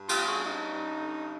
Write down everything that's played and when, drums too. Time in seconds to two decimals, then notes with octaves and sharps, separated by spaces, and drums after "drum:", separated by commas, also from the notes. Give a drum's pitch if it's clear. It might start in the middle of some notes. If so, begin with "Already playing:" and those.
Already playing: G2
0.09 F4 G4, drum: cymbal
0.18 G3
0.27 F#4 G#4
0.45 G2 C#4 D#4
0.72 G2
1.00 D3